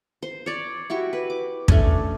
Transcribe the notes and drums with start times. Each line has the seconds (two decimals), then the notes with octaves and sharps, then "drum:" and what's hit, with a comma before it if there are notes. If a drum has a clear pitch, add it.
0.23 C5
0.46 C#5 D5
0.90 E4 F#4 G4 C#6
1.13 B4
1.30 D6
1.68 A3 C#4 D4 G#5, drum: kick